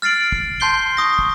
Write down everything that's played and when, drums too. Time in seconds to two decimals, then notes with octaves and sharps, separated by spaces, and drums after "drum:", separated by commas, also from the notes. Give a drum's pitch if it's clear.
0.02 F6 A6 C7 D7 F#7
0.32 drum: kick
0.60 A5 C6 G6 C7 G7
0.97 C#6 D#6 A#6
1.19 drum: kick